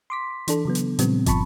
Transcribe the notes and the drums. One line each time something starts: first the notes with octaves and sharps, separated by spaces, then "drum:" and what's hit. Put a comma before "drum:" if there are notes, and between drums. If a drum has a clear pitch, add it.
C6 D6 B6
E3 D4 A4, drum: hi-hat
C#3 F#3 B3
drum: hi-hat
A#2 C#3 F3 G3 B3 C4, drum: hi-hat
G2 F3 A5 B5 C#6, drum: kick, hi-hat